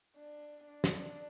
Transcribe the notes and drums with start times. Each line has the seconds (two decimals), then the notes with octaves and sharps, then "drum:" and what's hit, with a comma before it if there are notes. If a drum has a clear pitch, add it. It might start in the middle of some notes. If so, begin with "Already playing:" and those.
0.17 D4
0.67 D4
0.84 drum: snare